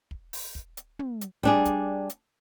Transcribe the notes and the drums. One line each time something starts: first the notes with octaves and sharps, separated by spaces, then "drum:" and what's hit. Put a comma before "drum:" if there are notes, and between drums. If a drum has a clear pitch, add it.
drum: kick
drum: open hi-hat
drum: kick
drum: hi-hat
drum: tom
drum: hi-hat
G3 D4 G#4, drum: kick
drum: kick, hi-hat
drum: hi-hat